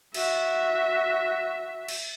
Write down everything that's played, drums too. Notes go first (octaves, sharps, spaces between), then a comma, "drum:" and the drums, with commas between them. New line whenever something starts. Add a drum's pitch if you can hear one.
F#4 E5, drum: cymbal
drum: cymbal